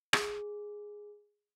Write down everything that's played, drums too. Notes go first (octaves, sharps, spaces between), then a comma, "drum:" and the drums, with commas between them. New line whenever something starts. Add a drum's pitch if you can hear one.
G#4, drum: rim click